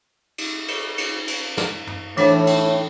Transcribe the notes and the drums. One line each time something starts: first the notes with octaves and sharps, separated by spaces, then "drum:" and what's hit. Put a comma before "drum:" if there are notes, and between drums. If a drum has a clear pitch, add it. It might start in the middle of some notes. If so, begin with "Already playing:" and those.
drum: cymbal
drum: cymbal
drum: cymbal
drum: cymbal
drum: snare
drum: tom
A2 E3 D4 C5, drum: cymbal
drum: cymbal